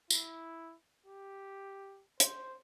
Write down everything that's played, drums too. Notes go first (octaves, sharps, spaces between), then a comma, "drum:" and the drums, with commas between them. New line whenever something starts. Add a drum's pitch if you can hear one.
E4, drum: tambourine
G4
C5, drum: hi-hat